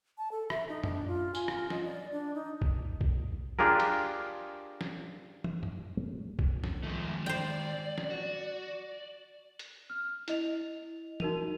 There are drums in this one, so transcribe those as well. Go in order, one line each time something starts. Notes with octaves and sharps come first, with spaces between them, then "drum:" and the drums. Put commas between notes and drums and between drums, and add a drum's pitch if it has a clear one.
A5
A4
E5, drum: rim click
D#4
D4, drum: tom
F4
G#5, drum: tambourine
F4, drum: rim click
D#5, drum: snare
D5
D4
D#4
drum: kick B1
drum: kick B1
D4 F4 G4 G#4 A#4
drum: cymbal
drum: snare
drum: tom
drum: tom
drum: kick B1
drum: snare
D#3 F3 G#3 A3
C5 D5 G5
drum: snare
F#4
drum: hi-hat
F6
E4 D#5 F7, drum: hi-hat
D#4 F#4 A#4 D#7 F7, drum: tom